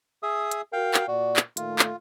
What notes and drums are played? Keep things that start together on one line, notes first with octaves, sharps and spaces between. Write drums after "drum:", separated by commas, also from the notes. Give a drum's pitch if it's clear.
G#4 E5 D#6
drum: hi-hat
F#4 A#4 F5 G5
drum: clap
A#2 F#4 D5
drum: clap
A#2 D#3 A3 F4, drum: hi-hat
drum: clap